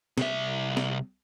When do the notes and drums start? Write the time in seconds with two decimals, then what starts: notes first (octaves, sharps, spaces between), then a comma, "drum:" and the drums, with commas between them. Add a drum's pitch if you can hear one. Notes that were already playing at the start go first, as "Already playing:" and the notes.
0.18 C2 E5, drum: snare
0.77 drum: snare